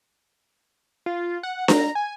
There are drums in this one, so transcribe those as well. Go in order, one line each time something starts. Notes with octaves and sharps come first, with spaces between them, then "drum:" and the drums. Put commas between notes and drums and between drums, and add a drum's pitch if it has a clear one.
F4
F#5
A#5, drum: snare D4
G#5